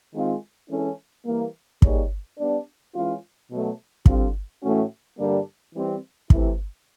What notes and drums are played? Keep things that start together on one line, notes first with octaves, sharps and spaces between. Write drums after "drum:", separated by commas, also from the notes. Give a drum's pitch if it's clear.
D#3 G#3 C4 F4
E3 G#3 C#4 E4 A4
E3 G3 A#3
G3 A#3 D#4 G#4 C#5, drum: kick
G3 B3 D4
E3 G#3 C#4 F4
B2 F#3 A3
D3 G3 C4 F4, drum: kick
A2 E3 A3 C#4 F#4
G2 D3 G3 A#3 D4
E3 G3 C4
C3 E3 A3 C4 E4, drum: kick